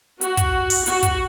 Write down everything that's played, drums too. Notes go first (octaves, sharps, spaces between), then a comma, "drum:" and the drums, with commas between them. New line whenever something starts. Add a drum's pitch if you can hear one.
F#4, drum: hi-hat
drum: kick, hi-hat
drum: open hi-hat
F#4, drum: hi-hat
drum: kick, hi-hat